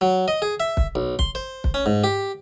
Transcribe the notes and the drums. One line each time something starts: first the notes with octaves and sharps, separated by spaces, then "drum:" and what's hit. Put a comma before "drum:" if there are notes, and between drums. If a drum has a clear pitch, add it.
F#3
D#5
G#4
E5
drum: kick
B1
C6, drum: kick
C5
drum: kick
C#4
G#2
G4